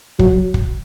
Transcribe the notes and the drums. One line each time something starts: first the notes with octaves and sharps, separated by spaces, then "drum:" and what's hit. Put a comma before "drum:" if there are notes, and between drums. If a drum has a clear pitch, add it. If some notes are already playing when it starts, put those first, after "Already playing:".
F#3, drum: kick
drum: kick